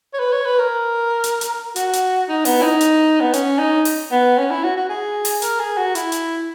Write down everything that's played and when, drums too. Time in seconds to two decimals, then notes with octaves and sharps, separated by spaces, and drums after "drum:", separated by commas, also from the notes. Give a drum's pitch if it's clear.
0.14 C#5
0.19 B4
0.33 C#5
0.46 B4
0.59 A#4
1.24 drum: hi-hat
1.41 drum: hi-hat
1.76 F#4, drum: hi-hat
1.93 drum: hi-hat
2.29 D#4
2.45 B3, drum: open hi-hat
2.59 E4
2.63 D#4
2.81 drum: hi-hat
3.21 B3
3.33 C#4, drum: hi-hat
3.59 D#4
3.85 drum: open hi-hat
4.11 B3
4.38 C#4
4.51 E4
4.63 F#4
4.76 F#4
4.89 G#4
5.25 drum: open hi-hat
5.42 A#4, drum: hi-hat
5.60 G#4
5.77 F#4
5.95 E4, drum: hi-hat
6.12 drum: hi-hat